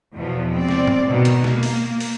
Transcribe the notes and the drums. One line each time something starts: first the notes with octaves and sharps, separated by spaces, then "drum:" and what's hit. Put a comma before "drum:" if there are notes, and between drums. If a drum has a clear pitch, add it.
E2 B2 F3
C4 D5
drum: snare
drum: tom G#2
B2 D#3
drum: hi-hat
A#3, drum: snare
drum: open hi-hat
drum: open hi-hat